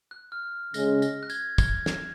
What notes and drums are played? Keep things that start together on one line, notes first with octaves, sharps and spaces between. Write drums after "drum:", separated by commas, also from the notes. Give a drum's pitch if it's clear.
F#6
F6
C#3 G#3 C#4 A#6, drum: tambourine
A#6, drum: tambourine
F#6
G#6, drum: tambourine
G#6, drum: kick, tambourine
drum: snare